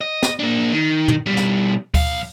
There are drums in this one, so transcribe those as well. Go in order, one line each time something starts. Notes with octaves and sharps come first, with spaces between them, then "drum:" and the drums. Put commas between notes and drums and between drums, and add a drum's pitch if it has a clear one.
D#5
drum: snare
A#3 D4
D#3
drum: tom
B2 G3
drum: snare
B1 F5, drum: kick D2, open hi-hat